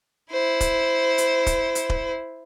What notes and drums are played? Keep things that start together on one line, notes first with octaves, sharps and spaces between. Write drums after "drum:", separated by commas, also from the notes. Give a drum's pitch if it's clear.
E4 C5
drum: kick D#1, hi-hat
drum: hi-hat
drum: kick D#1, hi-hat
drum: hi-hat
drum: kick D#1